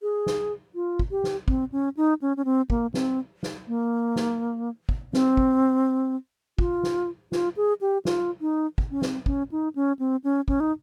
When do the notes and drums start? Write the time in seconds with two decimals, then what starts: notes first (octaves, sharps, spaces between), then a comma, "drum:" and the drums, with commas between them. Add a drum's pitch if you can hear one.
0.02 G#4
0.26 drum: snare
0.75 F4
0.99 drum: kick
1.11 G4
1.24 drum: snare
1.48 C4, drum: kick
1.72 C#4
1.97 D#4
2.22 C#4
2.37 C#4
2.45 C4
2.70 A#3, drum: kick
2.94 C4, drum: snare
3.43 drum: snare
3.68 A#3
4.16 drum: snare
4.89 drum: kick
5.13 C4, drum: snare
5.37 drum: kick
6.59 F4, drum: kick
6.83 drum: snare
7.32 F4, drum: snare
7.56 G#4
7.81 G4
8.05 F4, drum: snare
8.41 D#4
8.78 drum: kick
8.91 C#4
9.02 C4, drum: snare
9.26 C#4, drum: kick
9.52 D#4
9.75 C#4
9.99 C4
10.24 C#4
10.48 C#4, drum: kick
10.60 D#4